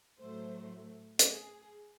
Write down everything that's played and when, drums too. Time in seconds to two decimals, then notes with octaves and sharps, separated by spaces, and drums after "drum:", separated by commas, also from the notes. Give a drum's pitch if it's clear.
0.19 A2 F#3 A3 C5
1.19 G#4, drum: hi-hat